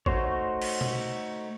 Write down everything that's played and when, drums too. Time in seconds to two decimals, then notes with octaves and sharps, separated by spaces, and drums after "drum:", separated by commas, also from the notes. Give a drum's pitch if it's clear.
0.06 A3 D#4 F#4 C5 C#5, drum: kick
0.62 drum: cymbal
0.81 drum: tom B2